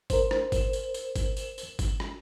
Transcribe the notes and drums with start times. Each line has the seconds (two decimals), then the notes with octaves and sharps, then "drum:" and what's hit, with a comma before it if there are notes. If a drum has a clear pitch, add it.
0.10 A#4 C5, drum: kick G1, tambourine
0.31 drum: rim click
0.52 drum: kick G1, tambourine
0.73 drum: tambourine
0.94 drum: tambourine
1.16 drum: kick G1, tambourine
1.37 drum: tambourine
1.58 drum: tambourine
1.79 drum: kick G1, tambourine
2.00 drum: rim click